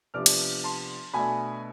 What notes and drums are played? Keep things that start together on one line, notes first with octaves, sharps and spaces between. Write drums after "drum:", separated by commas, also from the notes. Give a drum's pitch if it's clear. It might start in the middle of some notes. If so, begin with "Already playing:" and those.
C3 F3 B3 D4 D6 F6
drum: cymbal
A5 C6
B2 A3 D4 G#5 B5